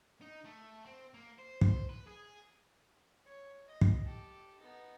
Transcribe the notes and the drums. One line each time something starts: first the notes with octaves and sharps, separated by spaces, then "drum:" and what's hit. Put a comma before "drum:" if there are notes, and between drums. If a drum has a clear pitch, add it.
D#4
A3
C4
A#3
C5
drum: kick
B4
G#4
C#5
D#5
drum: kick
G4 A4
B3 D#4